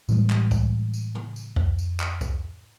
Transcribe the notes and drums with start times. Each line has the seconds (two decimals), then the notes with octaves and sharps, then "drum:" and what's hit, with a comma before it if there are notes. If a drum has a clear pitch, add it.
0.09 A2 E3 G3 G#3, drum: tambourine
0.30 drum: clap
0.51 drum: kick C2, tambourine
0.94 drum: tambourine
1.15 drum: tom
1.36 drum: tambourine
1.56 F2, drum: kick C2
1.79 drum: tambourine
2.00 drum: clap
2.21 drum: kick C2, tambourine